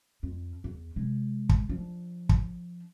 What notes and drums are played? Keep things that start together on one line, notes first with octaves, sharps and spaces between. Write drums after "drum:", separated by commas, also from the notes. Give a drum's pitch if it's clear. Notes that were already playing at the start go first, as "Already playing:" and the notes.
F2
E2
C3 G#3
drum: kick
F3 D4
drum: kick